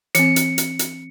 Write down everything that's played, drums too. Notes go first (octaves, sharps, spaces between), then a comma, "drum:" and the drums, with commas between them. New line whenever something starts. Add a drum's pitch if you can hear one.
E3 C4 C#7, drum: hi-hat
drum: hi-hat
drum: hi-hat
drum: hi-hat